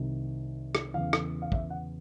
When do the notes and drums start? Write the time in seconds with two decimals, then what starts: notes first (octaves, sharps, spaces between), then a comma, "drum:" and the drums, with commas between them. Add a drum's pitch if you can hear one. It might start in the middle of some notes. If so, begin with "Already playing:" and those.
Already playing: C2 C3 D#3
0.75 drum: rim click
0.94 E2 C#3 E3 F5
1.13 drum: rim click
1.42 F5
1.52 E5, drum: kick
1.70 F#5